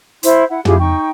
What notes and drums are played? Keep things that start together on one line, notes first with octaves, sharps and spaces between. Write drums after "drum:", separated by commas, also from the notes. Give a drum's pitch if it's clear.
E4 C5 C6, drum: hi-hat
E4 F#5
E4 F4 G4 G#4, drum: tom
D#4 G5 C#6